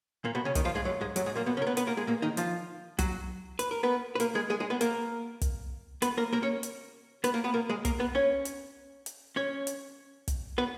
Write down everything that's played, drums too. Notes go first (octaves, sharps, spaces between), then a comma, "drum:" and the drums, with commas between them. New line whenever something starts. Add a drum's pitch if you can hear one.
A#2 A#3
B2 B3
C#3 C#4
D#3 D#4, drum: kick, hi-hat
F3 F4
G#2 G#3
F#2 F#3
G#2 G#3
F#2 F#3, drum: hi-hat
G#2 G#3
A#2 A#3
B2 B3
C#3 C#4
A#4
B3 B4
B3 B4, drum: hi-hat
A#3 A#4
G#3 G#4
A#2 A#3
D#3 D#4
F3 F4, drum: hi-hat
F#3 F#4, drum: kick, hi-hat
B4, drum: hi-hat
A#4
B3 B4
B4
A#3 A#4, drum: hi-hat
G#3 G#4
G#3 G#4
G#3 G#4
B3 B4
A#3 A#4, drum: hi-hat
drum: kick, hi-hat
B3 B4, drum: hi-hat
A#3 A#4
A#3 A#4
C#4 C#5
drum: hi-hat
B3 B4, drum: hi-hat
A#3 A#4
B3 B4
A#3 A#4
G#3 G#4
A#3 A#4, drum: kick, hi-hat
B3 B4
C#4 C#5
drum: hi-hat
drum: hi-hat
C#4 C#5
drum: hi-hat
drum: kick, hi-hat
B3 B4